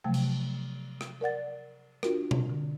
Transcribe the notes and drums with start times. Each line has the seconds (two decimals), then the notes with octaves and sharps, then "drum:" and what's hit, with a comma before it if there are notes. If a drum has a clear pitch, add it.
0.04 C3 F3 F#3 A3 G5
0.14 drum: cymbal
1.01 drum: rim click
1.21 A#4 D5 F#5 A6
2.03 D4 F4 F#4 A#4, drum: rim click
2.31 drum: tom B2
2.50 D3